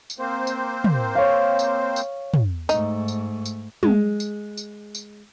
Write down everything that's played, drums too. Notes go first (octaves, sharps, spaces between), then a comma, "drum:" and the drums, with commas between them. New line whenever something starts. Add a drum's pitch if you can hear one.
drum: tambourine
A#3 C4 C5
drum: tambourine
drum: tom
C#5 F5
drum: tambourine
drum: tambourine
drum: tom
G#2 A3 D#4, drum: tambourine
drum: tambourine
drum: tambourine
G#3, drum: tom
drum: tambourine
drum: tambourine
drum: tambourine